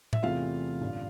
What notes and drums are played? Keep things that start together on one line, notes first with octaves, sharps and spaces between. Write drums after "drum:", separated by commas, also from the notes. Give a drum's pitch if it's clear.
E5, drum: tom A2
E2 C3 E3 A3 C4 F4 F5
A1 G2 D3